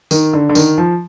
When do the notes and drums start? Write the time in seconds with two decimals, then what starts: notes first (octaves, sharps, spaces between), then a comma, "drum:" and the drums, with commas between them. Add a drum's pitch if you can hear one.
0.11 D#3, drum: tambourine
0.33 D3
0.49 D3
0.55 D#3, drum: tambourine
0.78 F3